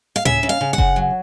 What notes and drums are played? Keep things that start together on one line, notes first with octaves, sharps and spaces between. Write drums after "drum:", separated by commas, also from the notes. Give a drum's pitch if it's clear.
F5
C#3 E5, drum: tom A2
C#3
F5
C#3
F#5
C#3, drum: kick F#1
F#3